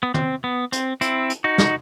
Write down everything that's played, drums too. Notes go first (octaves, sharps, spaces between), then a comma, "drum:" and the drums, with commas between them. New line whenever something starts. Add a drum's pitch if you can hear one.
B3
C4, drum: tom
B3
C4, drum: hi-hat
C4 E4, drum: hi-hat
drum: hi-hat
D#4 F#4
drum: snare